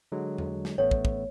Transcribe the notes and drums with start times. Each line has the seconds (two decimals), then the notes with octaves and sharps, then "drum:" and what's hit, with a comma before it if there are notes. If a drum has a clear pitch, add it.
0.12 D3 F#3 G#3
0.38 drum: tom E2
0.65 drum: snare
0.78 A1 A3 B3 C#5
0.91 drum: kick
1.05 drum: kick